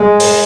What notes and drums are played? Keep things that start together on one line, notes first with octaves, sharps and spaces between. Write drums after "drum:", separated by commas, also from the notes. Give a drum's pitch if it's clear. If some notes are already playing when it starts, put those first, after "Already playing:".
Already playing: G#3
drum: open hi-hat